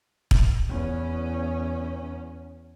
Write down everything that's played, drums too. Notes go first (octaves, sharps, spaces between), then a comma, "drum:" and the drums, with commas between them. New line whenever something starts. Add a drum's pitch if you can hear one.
drum: kick
E2 C#4